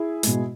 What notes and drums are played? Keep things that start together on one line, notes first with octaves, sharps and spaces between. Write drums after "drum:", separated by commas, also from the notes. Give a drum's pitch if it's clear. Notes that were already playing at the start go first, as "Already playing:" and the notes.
Already playing: E4 G#4
B2 G#3, drum: hi-hat